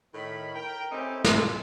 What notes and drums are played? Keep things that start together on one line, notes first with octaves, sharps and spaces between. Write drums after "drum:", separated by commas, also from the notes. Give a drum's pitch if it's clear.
A2 D#3 B5
A#4 G5
A3 C4 C#4 D#4 E4 G4
G#3 F4 A4, drum: snare